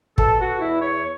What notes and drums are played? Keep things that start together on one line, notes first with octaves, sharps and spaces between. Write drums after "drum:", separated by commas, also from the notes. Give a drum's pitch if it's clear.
B2 A4, drum: kick
F#4
E2 E4
C#5